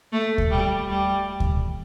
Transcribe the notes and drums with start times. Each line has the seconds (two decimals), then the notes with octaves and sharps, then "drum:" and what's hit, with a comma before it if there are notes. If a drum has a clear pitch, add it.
0.12 A3
0.38 drum: kick D2
0.51 G3
0.89 G3
1.40 drum: kick D2